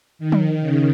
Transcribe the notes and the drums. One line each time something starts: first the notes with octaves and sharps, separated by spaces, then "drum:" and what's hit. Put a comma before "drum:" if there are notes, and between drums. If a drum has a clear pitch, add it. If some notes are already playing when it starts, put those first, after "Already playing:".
D#3
drum: tom F3
C#3